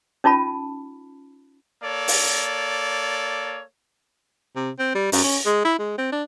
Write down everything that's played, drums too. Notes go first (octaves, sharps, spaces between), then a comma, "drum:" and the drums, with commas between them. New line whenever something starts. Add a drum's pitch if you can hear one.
C#4 D#4 F4 A5 B5
A#3 A4 C#5 D5
drum: open hi-hat
C3
C4
G3
F#2, drum: open hi-hat
C#4
G#3
E4
G#3
C4
D4